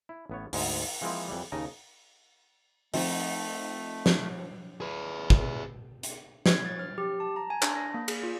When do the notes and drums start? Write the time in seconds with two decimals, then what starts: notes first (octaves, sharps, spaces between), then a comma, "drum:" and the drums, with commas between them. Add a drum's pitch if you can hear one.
0.09 E4
0.30 A1 B3 C#5
0.53 D2 G#2 G#3, drum: open hi-hat
1.01 E3 F3 G#3 A#3 C4 E4
1.28 F2 E3 G3
1.52 D#2 C#3 D#4 A#4 D#5 A5
2.94 F3 A3 C4 D#4, drum: open hi-hat
4.06 drum: snare
4.80 G#4 B4
5.30 drum: kick
6.03 drum: hi-hat
6.46 G#6, drum: snare
6.66 A6
6.79 F6
6.98 G4
7.20 A5
7.36 A#5
7.50 G#5
7.62 D4, drum: clap
7.76 A#6
7.94 A#3
8.08 G#4, drum: cymbal
8.23 F4